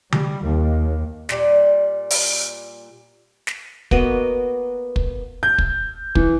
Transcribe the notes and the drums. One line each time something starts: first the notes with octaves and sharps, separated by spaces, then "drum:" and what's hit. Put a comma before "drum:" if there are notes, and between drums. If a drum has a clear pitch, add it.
G3, drum: tom D3
D#2
A#2 G3, drum: snare
drum: open hi-hat
drum: snare
A#3 B3 F#4 D#5, drum: kick
drum: kick
G6
drum: kick
E3, drum: kick